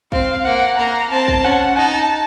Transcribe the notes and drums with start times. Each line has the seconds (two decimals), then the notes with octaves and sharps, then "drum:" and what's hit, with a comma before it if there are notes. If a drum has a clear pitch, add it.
0.12 C4 F5, drum: kick
0.45 A#3 F#5
0.78 A#3 A#5
1.10 C4 A5
1.28 drum: kick
1.44 C#4 F#5
1.76 D#4 A5